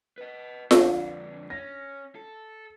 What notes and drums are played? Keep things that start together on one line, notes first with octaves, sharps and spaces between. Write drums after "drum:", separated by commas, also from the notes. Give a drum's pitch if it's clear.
B4 D#5
F2 D3 D4, drum: snare F4
C#4 A#6
A4